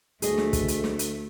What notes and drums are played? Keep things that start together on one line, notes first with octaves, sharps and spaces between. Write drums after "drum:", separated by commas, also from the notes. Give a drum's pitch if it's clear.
D2 A3 G#4 D#5, drum: hi-hat
drum: snare
drum: kick, hi-hat
drum: hi-hat
drum: snare
drum: hi-hat